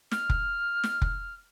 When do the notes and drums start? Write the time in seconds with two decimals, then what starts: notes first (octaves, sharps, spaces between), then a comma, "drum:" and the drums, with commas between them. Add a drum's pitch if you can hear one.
0.12 F6, drum: snare
0.30 drum: kick F1
0.84 drum: snare
1.02 drum: kick F1